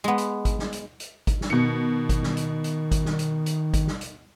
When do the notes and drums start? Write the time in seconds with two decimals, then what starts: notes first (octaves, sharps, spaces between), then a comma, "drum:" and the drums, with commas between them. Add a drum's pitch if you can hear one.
0.04 G#3 B3
0.18 drum: hi-hat
0.45 drum: kick G#1, hi-hat
0.59 drum: snare
0.73 drum: hi-hat
1.00 drum: hi-hat
1.27 drum: kick G#1, hi-hat
1.41 drum: snare
1.50 B2 D#3 C#7
2.09 drum: kick G#1, hi-hat
2.23 drum: snare
2.37 drum: hi-hat
2.64 drum: hi-hat
2.91 drum: kick G#1, hi-hat
3.05 drum: snare
3.19 drum: hi-hat
3.46 drum: hi-hat
3.74 drum: kick G#1, hi-hat
3.87 drum: snare
4.01 drum: hi-hat